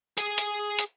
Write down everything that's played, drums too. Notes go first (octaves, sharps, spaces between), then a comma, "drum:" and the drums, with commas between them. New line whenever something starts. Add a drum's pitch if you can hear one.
G#4 G#5, drum: hi-hat
drum: hi-hat
drum: hi-hat